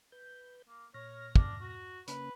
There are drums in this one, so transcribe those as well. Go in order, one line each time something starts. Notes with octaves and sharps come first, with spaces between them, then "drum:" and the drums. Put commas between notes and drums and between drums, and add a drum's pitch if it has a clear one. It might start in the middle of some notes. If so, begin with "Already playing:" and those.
B4 G6
A#3
A#2 C#5 F6 A#6
D4, drum: kick
F#4
C#3 A#3 C#4 B4, drum: hi-hat